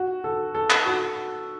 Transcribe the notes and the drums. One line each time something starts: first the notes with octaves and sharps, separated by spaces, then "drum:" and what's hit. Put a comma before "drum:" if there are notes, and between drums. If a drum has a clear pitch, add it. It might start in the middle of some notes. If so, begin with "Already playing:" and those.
Already playing: F#4
A4
A4
drum: clap
F#4